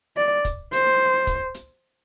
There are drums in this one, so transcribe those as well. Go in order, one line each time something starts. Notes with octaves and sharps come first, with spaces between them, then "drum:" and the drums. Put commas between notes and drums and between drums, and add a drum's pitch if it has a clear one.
D5
drum: kick, hi-hat
C5, drum: hi-hat
drum: kick, hi-hat
drum: hi-hat